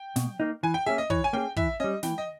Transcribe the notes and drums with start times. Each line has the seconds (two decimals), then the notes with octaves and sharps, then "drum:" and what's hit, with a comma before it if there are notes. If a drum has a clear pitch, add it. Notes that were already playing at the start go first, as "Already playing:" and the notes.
Already playing: G5
0.16 B2, drum: snare
0.40 A#3 D#4
0.63 E3 G#5
0.74 G5
0.86 A#3 C#4 G#4 E5
0.98 D#5
1.10 E3 C#5, drum: kick
1.24 G#5
1.33 A#3 C#4 G#4 G5
1.56 E3 E5, drum: kick
1.80 G3 C#4 D#5
2.03 E3 G5, drum: snare
2.18 D#5